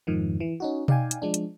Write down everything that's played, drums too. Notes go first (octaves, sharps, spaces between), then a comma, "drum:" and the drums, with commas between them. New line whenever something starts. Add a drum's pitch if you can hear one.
F2 G#2 D#3 F3
E3
C#4 D#4 F#4
D#4 D5 F5 G5 G#5, drum: tom B2
drum: hi-hat
F3 G#3 D4
drum: hi-hat